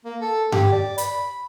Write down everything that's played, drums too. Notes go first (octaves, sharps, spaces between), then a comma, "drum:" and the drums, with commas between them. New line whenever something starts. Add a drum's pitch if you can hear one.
A#3
A4
G4, drum: tom G2
D5
B5, drum: hi-hat